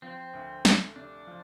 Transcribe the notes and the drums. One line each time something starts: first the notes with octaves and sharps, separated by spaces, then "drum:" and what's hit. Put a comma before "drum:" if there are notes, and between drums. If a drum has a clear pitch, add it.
F3 C4
D2
A3, drum: snare
C3 D4
F3